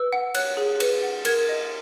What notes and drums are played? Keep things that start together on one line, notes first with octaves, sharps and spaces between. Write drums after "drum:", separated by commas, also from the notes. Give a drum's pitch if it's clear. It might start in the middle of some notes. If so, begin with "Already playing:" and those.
Already playing: B4 E6
F#5
C#5 F#6, drum: cymbal
G#4
B4, drum: cymbal
F#5
A#4 G#6, drum: cymbal
D#5